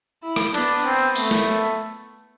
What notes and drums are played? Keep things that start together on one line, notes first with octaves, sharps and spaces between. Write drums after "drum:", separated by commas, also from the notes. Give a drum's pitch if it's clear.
E4
drum: rim click
B3 D4, drum: cymbal
C4
A3, drum: open hi-hat
drum: snare